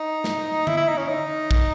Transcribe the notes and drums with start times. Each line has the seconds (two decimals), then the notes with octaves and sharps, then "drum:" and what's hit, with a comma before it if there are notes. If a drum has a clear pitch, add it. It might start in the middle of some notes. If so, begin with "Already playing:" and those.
Already playing: D#4
0.24 drum: snare
0.67 E4, drum: tom D3
0.77 E4
0.88 D#4
0.98 C#4
1.09 D#4
1.51 drum: kick